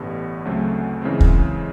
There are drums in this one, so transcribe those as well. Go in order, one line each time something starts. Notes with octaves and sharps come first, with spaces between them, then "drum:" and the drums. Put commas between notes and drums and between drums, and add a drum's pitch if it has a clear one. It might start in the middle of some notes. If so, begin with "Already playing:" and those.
Already playing: A1 G2 D3 G3 B3
D2 C#3 F#3 A3 C4
F#2 C#3 E3 G#3 C4
drum: kick